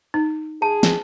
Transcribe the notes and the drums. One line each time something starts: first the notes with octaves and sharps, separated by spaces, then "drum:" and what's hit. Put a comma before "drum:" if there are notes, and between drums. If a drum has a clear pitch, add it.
D#4
G#4 A5
drum: snare